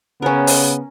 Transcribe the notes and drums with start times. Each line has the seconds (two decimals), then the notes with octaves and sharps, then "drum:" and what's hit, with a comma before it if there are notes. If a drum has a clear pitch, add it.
0.22 C#3 B3 C#4 A#4
0.47 drum: open hi-hat